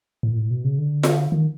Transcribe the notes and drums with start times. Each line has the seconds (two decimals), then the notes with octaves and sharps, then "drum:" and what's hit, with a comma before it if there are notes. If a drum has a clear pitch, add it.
0.23 A2
0.32 A#2
0.37 A2
0.51 B2
0.64 C#3
0.78 D3
1.03 drum: snare F4
1.32 D#3